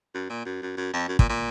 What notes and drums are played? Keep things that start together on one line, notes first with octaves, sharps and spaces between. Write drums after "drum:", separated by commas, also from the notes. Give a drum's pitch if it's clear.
F#2
A#2
F#2
F#2
F#2
F2
F#2
A#2, drum: kick
A#2